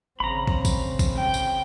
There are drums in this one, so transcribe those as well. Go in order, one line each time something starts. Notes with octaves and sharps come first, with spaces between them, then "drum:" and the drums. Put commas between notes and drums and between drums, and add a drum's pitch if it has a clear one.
G#1 C#3 C4 A#5 B5
drum: kick
drum: kick, tambourine
drum: kick, tambourine
G5
drum: tambourine